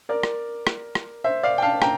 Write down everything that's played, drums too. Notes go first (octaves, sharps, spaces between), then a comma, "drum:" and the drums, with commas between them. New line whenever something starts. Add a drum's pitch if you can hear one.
A#4 D5
drum: rim click
drum: rim click
drum: rim click
C5 E5
D5 F5
G5
F5 A5
G5 A#5, drum: rim click